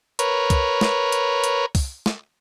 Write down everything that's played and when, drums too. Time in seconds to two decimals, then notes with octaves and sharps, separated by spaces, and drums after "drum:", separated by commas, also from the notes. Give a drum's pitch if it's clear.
0.19 A#4 B4 C#5, drum: hi-hat
0.50 drum: kick, hi-hat
0.81 drum: snare
1.12 drum: hi-hat
1.44 drum: hi-hat
1.75 drum: kick, open hi-hat
2.06 drum: snare